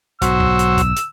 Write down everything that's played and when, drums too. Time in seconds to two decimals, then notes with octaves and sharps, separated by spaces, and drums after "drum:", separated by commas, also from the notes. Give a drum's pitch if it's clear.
0.22 B1 G#2 F#3 F#4 C5 E6, drum: hi-hat
0.40 drum: kick
0.59 drum: hi-hat
0.78 drum: kick, hi-hat
0.96 drum: hi-hat